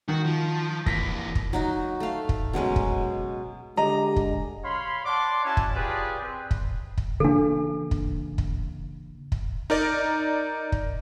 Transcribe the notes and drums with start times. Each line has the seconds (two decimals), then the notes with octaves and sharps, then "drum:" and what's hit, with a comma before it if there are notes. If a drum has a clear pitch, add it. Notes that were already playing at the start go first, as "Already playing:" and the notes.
0.09 D#3 F#4
0.25 F3
0.86 E3 A#3 A#6 B6, drum: kick
1.35 drum: kick
1.53 F#3 D#4 F#4
2.00 A3 F5
2.29 drum: kick
2.53 B2 F#3 G#3 C#4
2.76 drum: kick
3.77 D3 G#3 G4 D#5 A#5
4.16 drum: kick
4.63 C#5 F5 B5 C6
5.05 D5 F#5 A5 C6 D6
5.44 C#4 E4 F#4 C#5 A5
5.57 drum: kick
5.74 F4 G4 G#4 B4 D5
6.20 C4 B4
6.51 drum: kick
6.98 drum: kick
7.20 C#3 E3 A#3 D4 A4
7.91 drum: kick
8.38 drum: kick
9.32 drum: kick
9.70 D#4 A#4 D5
10.72 drum: kick